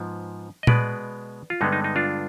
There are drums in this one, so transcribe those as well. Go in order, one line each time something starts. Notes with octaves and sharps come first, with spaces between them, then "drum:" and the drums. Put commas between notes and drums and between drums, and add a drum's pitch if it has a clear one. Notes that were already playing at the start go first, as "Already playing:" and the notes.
Already playing: G#2 F3 B3
D#5
B2 G#3 B3 B4 D5, drum: tom A#2
F4
G2 D3 G#3 B3 D#4
D#4
D#4
D4 F4